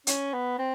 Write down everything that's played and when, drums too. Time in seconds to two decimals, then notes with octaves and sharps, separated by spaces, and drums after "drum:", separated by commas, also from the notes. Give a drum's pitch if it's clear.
0.07 C#4, drum: hi-hat
0.33 B3
0.59 C4